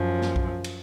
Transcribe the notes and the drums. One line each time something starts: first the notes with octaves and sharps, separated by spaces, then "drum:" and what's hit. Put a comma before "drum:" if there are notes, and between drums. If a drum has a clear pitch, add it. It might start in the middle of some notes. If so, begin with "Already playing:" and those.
Already playing: F#2 F3
drum: snare
drum: kick B1
drum: cymbal